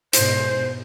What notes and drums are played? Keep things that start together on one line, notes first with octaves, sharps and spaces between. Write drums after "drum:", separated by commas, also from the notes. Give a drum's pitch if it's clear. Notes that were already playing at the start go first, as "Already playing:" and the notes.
G#2 B2 C5, drum: hi-hat